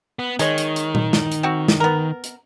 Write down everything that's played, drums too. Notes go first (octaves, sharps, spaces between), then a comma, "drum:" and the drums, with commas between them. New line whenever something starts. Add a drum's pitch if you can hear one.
B3
D#3 G#3 C#5, drum: hi-hat
drum: hi-hat
drum: hi-hat
drum: tom A#2
drum: snare
drum: hi-hat
C4 F#4
drum: snare
B3 A#4
drum: hi-hat